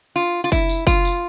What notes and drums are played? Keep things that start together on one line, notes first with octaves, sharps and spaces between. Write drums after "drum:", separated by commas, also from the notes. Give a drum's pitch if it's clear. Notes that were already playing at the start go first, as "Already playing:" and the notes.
F4
F4
E4, drum: kick F#1, tambourine
drum: tambourine
F4, drum: kick F#1, tambourine
drum: tambourine